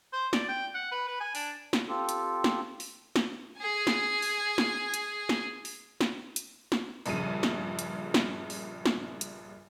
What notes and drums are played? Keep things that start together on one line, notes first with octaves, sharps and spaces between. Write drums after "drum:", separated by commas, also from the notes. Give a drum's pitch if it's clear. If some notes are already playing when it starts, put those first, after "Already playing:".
C5
D5, drum: snare
G5
F#5
B4
B4
G#5
D4, drum: open hi-hat
drum: snare
C4 F4 G4 A4
drum: hi-hat
drum: snare
drum: open hi-hat
drum: snare
G#4 G#5
drum: snare
drum: open hi-hat
drum: snare
drum: hi-hat
drum: snare
drum: open hi-hat
drum: snare
drum: hi-hat
drum: snare
A#1 G2 A#2 C#3 D#7, drum: open hi-hat
drum: snare
drum: hi-hat
drum: snare
drum: open hi-hat
drum: snare
drum: hi-hat